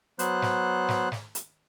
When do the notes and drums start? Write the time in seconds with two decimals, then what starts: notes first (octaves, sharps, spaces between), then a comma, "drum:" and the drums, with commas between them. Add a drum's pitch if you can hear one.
0.19 F#3 B3 C5 F#6, drum: hi-hat
0.42 drum: snare
0.89 drum: snare
1.12 drum: snare
1.35 drum: hi-hat